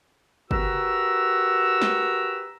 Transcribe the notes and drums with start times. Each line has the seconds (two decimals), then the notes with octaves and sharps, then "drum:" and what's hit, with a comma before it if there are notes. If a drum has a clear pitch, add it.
0.51 F#4 G4 A#4 B4 A#5 E6, drum: kick
1.82 drum: snare